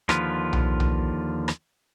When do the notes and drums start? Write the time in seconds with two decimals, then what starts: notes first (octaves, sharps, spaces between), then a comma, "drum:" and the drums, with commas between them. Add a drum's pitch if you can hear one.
0.09 D#2 D3 F3 F4 B4, drum: rim click
0.53 drum: tom B1
0.80 drum: tom B1
1.48 drum: rim click